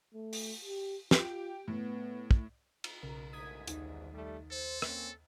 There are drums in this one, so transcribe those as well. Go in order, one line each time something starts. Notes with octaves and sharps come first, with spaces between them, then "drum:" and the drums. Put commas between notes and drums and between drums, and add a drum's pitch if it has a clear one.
A3
drum: open hi-hat
G4
F4 G4, drum: snare
A2 B3
drum: kick
drum: cymbal
B1 C#3 A#4
G1 D2 G#2 D#6 G#6 B6
D#2 D#4, drum: hi-hat
G3 A3
A4 C5
A#3 C4 C#4, drum: rim click